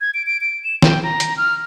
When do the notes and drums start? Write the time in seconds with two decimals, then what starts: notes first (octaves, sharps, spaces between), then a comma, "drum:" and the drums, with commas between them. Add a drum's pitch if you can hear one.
0.01 G#6
0.14 D7
0.26 D7
0.41 D7
0.64 E7
0.82 G5, drum: snare
1.03 A#5
1.20 drum: hi-hat
1.37 F6